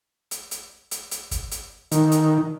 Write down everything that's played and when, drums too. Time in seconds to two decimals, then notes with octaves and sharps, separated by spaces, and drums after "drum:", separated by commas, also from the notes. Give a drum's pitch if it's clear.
0.31 drum: hi-hat
0.51 drum: hi-hat
0.91 drum: hi-hat
1.11 drum: hi-hat
1.31 drum: kick, hi-hat
1.51 drum: hi-hat
1.91 D#3, drum: hi-hat
2.12 drum: hi-hat